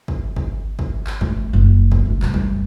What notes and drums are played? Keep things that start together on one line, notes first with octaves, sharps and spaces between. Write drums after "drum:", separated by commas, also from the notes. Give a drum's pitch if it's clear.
drum: kick
drum: kick
drum: kick
drum: clap
A3, drum: kick
F#1
drum: kick
D3 A3
D1 G2, drum: clap
drum: kick